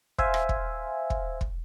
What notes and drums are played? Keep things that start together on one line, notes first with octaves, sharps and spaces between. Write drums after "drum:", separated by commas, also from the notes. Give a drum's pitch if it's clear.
C5 E5 F5 G#5, drum: kick
drum: rim click
drum: kick
drum: kick
drum: kick